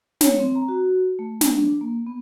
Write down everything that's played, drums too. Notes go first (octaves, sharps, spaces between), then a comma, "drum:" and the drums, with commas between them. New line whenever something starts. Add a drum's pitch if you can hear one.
C#5, drum: snare
C4
A#5
F#4
A3
D4, drum: snare
A#3
B3